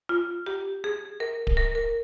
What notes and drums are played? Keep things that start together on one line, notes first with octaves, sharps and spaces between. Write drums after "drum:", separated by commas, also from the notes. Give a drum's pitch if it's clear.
F4
G4
G#4
A#4
drum: kick D1
A#4
A#4